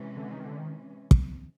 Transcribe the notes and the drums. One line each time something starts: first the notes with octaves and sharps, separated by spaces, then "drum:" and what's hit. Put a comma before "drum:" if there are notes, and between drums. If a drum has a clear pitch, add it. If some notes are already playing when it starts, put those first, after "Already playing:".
Already playing: C3 E3 G#3 C#4
D3
D#3
D3
D#3
drum: kick